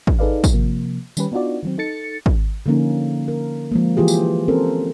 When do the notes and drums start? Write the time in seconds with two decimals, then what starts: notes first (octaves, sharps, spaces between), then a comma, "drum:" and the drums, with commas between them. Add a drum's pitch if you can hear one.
0.07 drum: kick
0.19 D#4 G#4 A4 B4 D5 F5
0.44 drum: kick, tambourine
0.53 C3 F3 A#3
1.17 D#3 G3 C#4 G4 B4, drum: tambourine
1.32 B3 D4 D#4 F4 F#4 D5
1.63 D#3 F#3 C4
1.78 D#4 A4 A6 C#7
2.26 drum: kick
2.66 D3 F3 A#3 C#4 D#4
3.28 A#4
3.72 F3 G#3 A#3
3.97 E3 F4 G4 G#4
4.08 drum: tambourine
4.48 C4 C#4 A4 A#4 C5